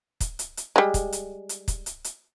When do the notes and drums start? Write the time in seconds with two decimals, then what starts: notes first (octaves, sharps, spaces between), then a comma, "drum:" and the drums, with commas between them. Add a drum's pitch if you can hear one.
0.21 drum: kick, hi-hat
0.39 drum: hi-hat
0.57 drum: hi-hat
0.76 G3 G#3
0.94 drum: kick, hi-hat
1.12 drum: hi-hat
1.49 drum: hi-hat
1.68 drum: kick, hi-hat
1.86 drum: hi-hat
2.04 drum: hi-hat